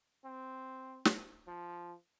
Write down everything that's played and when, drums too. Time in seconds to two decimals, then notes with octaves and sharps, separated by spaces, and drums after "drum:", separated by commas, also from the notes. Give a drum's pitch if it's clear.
0.25 C4
1.05 drum: snare
1.48 F3